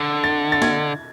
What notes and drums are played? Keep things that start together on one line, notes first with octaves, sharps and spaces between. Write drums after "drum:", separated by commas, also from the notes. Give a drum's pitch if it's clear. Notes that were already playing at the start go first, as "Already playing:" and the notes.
Already playing: D3
A6
A6
G#6, drum: snare A#3